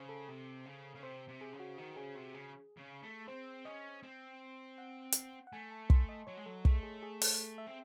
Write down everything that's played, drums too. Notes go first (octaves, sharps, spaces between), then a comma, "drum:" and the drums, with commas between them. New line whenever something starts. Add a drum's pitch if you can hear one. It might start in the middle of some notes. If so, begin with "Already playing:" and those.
Already playing: C#3 C5
A4
C3
C#3
C#3
C3 C5
C3
G#4
C#3
F#4
D#3 F#4
C#3 G#4
C3 F#4
C#3 G#4
C#3
A3
C4 C5
C#4 D#5
C4
F#5
drum: hi-hat
F#5
A3 G#5
A5
C6, drum: kick
D#5
F#3 C#5
G#3
F#3 A4
A3 G#4, drum: kick
G#4
G#4
A4, drum: open hi-hat
E5
C4